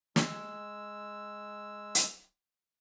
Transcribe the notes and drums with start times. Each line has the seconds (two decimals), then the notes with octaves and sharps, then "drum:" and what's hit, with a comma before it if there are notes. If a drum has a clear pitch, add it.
0.16 G#3 E6, drum: snare
1.95 drum: hi-hat